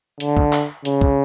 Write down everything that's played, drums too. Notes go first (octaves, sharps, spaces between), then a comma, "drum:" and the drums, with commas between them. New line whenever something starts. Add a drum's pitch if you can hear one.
D3, drum: hi-hat
drum: kick
drum: clap
C#3, drum: hi-hat
drum: kick